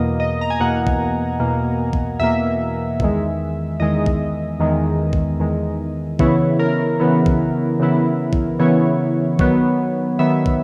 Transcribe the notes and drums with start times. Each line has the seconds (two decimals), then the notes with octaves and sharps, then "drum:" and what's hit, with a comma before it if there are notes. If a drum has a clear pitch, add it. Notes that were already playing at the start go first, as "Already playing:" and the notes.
Already playing: E2 B2 A#3 D#5
0.20 D#5
0.41 A#5
0.50 G#5
0.60 E2 B2 A#3 F#5
0.87 drum: kick
1.40 E2 B2 A#3
1.93 drum: kick
2.20 E2 B2 A#3 E5
3.00 E2 D#3 G#3, drum: kick
3.80 E2 D#3 G#3 D#5
4.06 drum: kick
4.60 E2 D#3 G#3
5.13 drum: kick
5.40 E2 D#3 G#3
6.19 C#3 E3 B3 E4 C#5, drum: kick
6.59 A#4
7.00 C#3 E3 B3 E4
7.26 drum: kick
7.80 C#3 E3 B3 E4
8.33 drum: kick
8.59 C#3 E3 B3 E4 C#5
9.39 D#3 F#3 B3, drum: kick
10.19 D#3 F#3 B3 E5
10.46 drum: kick